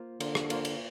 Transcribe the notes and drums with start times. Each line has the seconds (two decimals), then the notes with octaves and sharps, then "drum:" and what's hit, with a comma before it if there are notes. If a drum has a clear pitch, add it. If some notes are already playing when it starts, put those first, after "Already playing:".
Already playing: A#3 F4 C5
0.20 D3 A#3 F4 C5, drum: cymbal
0.35 drum: rim click
0.50 A#3 F4 C5, drum: cymbal
0.65 drum: cymbal